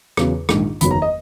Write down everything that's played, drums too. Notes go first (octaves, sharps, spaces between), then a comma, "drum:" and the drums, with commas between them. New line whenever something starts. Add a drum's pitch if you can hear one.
E2 C#3 F#3, drum: rim click
A#1 G#2 D#3, drum: rim click
F#1 E2 D#3 F#3 B5, drum: hi-hat
A#5
D#5